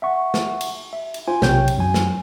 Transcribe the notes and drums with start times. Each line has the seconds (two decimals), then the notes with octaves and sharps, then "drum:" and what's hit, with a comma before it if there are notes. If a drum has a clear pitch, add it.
0.02 E5 F#5 C#6
0.34 drum: snare
0.61 drum: cymbal
0.93 E5
1.14 drum: cymbal
1.27 F4 C5 G#5
1.42 B1 C3 C#5 G5 G6, drum: snare
1.68 drum: cymbal
1.77 F#2 F#3 G#5
1.94 drum: snare